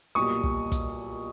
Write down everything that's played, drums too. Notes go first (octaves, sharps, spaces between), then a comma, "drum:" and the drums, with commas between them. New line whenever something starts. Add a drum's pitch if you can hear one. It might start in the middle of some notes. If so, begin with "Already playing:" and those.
B1 A#2 G3 C#6 D#6
drum: kick
drum: kick, hi-hat